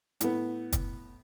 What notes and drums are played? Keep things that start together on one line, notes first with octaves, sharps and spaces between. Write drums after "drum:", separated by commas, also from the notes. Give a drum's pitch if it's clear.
A2 B3, drum: hi-hat
drum: kick, hi-hat